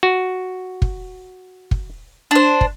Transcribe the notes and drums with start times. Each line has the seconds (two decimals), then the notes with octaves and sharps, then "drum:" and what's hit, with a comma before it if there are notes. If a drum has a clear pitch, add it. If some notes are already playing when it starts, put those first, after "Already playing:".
0.03 F#4
0.82 drum: kick
1.71 drum: kick
2.31 D4 C5
2.61 drum: kick